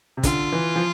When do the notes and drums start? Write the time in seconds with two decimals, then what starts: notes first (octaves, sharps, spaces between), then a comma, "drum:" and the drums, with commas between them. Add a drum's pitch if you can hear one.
0.17 C3
0.23 D3 F4, drum: kick, hi-hat
0.52 E3
0.76 F3